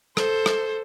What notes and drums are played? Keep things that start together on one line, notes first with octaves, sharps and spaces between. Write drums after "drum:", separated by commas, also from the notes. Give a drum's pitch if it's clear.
A4 C5, drum: rim click
drum: rim click